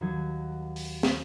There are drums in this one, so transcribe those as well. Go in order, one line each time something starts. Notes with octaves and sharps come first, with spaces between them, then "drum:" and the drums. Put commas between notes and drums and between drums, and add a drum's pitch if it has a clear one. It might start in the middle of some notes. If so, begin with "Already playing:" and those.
D#2 F#3 D#4 G#6
drum: open hi-hat
drum: snare